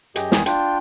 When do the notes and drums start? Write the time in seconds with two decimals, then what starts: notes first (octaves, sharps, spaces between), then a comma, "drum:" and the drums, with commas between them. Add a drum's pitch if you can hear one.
0.16 F#2 G4 G#4 D#5, drum: hi-hat
0.32 E2 D#3 G#5 D#6, drum: snare
0.46 D4 F4 G5, drum: hi-hat